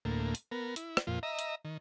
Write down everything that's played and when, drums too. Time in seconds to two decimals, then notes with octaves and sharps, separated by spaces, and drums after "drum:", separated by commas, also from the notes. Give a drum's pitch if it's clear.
0.05 D2 A2 A#3
0.35 drum: hi-hat
0.51 B3 A#4
0.76 E4, drum: hi-hat
0.97 drum: rim click
1.07 F2 A#2 F4
1.23 D#5 E5 A#5
1.39 drum: hi-hat
1.65 D#3